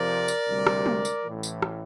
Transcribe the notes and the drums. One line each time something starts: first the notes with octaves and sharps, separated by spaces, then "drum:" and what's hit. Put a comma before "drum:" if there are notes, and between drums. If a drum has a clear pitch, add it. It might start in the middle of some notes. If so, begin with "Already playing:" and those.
Already playing: F2 C3 F3 A#4 D5
drum: tambourine
D2 C3 G3
drum: rim click
drum: tom G#3
drum: tambourine
A1 A2 E3
drum: tambourine
drum: rim click